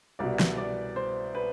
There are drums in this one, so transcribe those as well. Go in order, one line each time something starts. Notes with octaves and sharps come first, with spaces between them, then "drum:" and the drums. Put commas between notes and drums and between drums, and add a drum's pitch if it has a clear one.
C2 B2 D5
drum: snare
D5
C5
B4